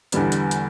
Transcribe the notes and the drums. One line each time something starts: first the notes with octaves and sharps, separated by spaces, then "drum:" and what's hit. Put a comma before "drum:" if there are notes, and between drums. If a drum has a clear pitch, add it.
E2 D3 G3 B3, drum: hi-hat
drum: hi-hat
drum: hi-hat